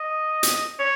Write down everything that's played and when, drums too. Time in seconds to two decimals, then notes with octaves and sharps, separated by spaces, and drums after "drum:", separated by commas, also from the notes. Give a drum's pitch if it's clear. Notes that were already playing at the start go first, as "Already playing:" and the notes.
Already playing: D#5
0.43 drum: hi-hat
0.79 C#5